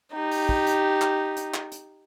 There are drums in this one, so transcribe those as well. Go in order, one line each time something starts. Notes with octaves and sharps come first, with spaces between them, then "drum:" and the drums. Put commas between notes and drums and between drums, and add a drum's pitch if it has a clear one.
D#4 G4
drum: open hi-hat
drum: kick
drum: hi-hat
drum: clap
drum: hi-hat
drum: clap
drum: hi-hat